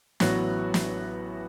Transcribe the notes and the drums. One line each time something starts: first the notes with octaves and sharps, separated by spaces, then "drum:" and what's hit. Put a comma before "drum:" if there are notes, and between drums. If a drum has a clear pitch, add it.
A1 A2 F#3 B3 F#4, drum: snare
drum: snare